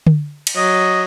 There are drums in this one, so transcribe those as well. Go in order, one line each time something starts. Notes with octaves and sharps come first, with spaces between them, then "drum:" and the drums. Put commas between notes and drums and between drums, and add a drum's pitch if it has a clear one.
drum: tom D3
drum: cymbal
F#3 D#5